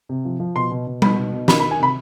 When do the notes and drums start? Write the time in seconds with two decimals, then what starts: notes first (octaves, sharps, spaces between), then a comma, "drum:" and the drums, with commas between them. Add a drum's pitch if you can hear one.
0.09 C3
0.25 F3
0.40 F3
0.56 B2 C6
0.71 B2
0.87 B2
1.02 B2 B5, drum: tom G3
1.18 B2
1.33 B2
1.48 D#3 B5, drum: snare
1.60 B5
1.64 D#3
1.71 G#5
1.79 C3 B5